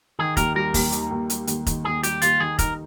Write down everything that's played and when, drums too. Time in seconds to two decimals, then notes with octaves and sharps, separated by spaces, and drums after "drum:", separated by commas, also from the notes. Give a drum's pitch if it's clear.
0.19 D#3 G#4
0.37 D#2 A#4, drum: kick F1, hi-hat
0.55 G3 A#4
0.74 D#2, drum: kick F1, open hi-hat
0.92 D#3, drum: hi-hat
1.11 D#2
1.30 G3, drum: hi-hat
1.47 D#2, drum: hi-hat
1.67 D#3, drum: kick F1, hi-hat
1.84 D#2 G#4
2.03 G3 G4, drum: hi-hat
2.22 D#2 F4, drum: hi-hat
2.40 D#3 G#4
2.59 D#4 A#4, drum: kick F1, hi-hat